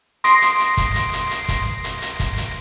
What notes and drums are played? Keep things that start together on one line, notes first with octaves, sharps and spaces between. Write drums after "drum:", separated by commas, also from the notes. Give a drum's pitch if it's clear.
C6 D#6 A#6 C7 D7, drum: hi-hat
drum: hi-hat
drum: hi-hat
drum: kick, hi-hat
drum: hi-hat
drum: hi-hat
drum: hi-hat
drum: kick, hi-hat
drum: hi-hat
drum: hi-hat
drum: kick, hi-hat
drum: hi-hat